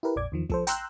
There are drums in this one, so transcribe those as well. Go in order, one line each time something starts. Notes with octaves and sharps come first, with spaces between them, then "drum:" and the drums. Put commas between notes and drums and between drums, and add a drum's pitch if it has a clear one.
E4 G4 A#4 B4
A#1 F2 D5 D6 G#6
E2 D#3 F3
F3 A4 C5, drum: kick
G5 A#5 C6 E6 F#6 G6, drum: hi-hat